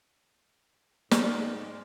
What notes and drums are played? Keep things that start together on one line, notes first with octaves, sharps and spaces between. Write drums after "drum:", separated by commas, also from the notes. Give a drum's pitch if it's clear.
G#2 G#3 D5 F6, drum: snare